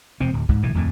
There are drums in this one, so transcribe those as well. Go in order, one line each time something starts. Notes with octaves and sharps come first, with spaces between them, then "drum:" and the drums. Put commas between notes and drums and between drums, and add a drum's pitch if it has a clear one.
E1 C3 C4
D1
G#2, drum: kick
B1 A2 E3
D1 F2 A2